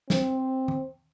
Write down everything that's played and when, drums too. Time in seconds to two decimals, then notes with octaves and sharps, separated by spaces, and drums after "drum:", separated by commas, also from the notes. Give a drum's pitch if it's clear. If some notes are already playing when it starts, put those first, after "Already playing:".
0.10 C4, drum: snare
0.68 drum: tom D#3